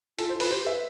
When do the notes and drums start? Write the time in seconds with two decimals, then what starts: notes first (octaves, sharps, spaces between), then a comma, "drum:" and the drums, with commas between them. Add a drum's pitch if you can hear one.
0.19 F4 A4, drum: hi-hat
0.29 F4 C5
0.40 B4, drum: open hi-hat
0.50 G4 C5
0.66 B4 E5